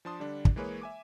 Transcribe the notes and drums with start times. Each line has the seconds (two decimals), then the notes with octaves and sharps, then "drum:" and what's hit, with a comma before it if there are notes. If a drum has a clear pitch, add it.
0.05 F3 D4 A5 C6 D#6
0.20 D3 G3 D4
0.45 drum: kick
0.56 E3 G#3 A#3 G#4 B4 C#5
0.82 E5 G#5 D6